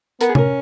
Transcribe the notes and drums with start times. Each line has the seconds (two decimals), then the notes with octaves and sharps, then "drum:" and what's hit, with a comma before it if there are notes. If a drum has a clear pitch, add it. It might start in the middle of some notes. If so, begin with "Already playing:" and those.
0.21 B3 A#4, drum: hi-hat
0.29 G#4
0.35 C#4 A#4, drum: tom C3